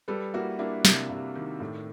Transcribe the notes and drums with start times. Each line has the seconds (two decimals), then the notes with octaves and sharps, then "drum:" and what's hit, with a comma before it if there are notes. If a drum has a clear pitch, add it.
0.08 G3 A4 B4
0.34 A#3 E4 F#4
0.59 A#3 D4 E4
0.85 C3, drum: snare
1.10 C3
1.35 D#3
1.60 A2